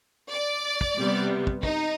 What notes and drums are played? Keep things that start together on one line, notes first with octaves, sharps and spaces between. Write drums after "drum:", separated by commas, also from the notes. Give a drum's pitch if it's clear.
D5
drum: kick
C3 G3 B3
drum: kick
D#4, drum: kick